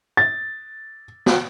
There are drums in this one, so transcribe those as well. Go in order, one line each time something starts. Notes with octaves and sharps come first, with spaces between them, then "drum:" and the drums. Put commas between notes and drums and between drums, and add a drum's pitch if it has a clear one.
A6
drum: snare